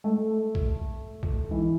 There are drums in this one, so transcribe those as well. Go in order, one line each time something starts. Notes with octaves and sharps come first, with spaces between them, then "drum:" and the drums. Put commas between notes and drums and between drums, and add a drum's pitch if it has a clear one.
A3
drum: kick A#1
drum: kick A#1
E3